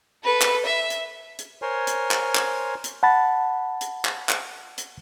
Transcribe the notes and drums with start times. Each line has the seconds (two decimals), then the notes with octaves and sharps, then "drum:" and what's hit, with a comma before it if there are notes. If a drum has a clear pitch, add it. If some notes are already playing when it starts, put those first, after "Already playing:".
0.24 A4 B4
0.42 drum: clap
0.66 E5
0.90 drum: hi-hat
1.38 drum: hi-hat
1.62 A#4 C5 C#5 G#5 C6
1.87 drum: hi-hat
2.11 drum: clap
2.35 drum: clap
2.84 drum: hi-hat
3.03 F#5 A5 B5 A6
3.81 drum: hi-hat
4.05 drum: clap
4.29 drum: clap
4.78 drum: hi-hat